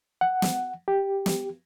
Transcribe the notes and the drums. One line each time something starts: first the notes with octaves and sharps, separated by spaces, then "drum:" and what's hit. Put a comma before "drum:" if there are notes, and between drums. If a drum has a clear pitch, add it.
F#5
drum: snare
G4
drum: snare